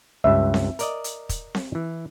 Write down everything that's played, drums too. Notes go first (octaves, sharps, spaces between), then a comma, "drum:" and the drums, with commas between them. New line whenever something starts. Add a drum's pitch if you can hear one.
C#2 G2 E5
drum: snare C4
A#4 D5 D#5, drum: hi-hat
drum: hi-hat
drum: kick, hi-hat
drum: snare C4
E3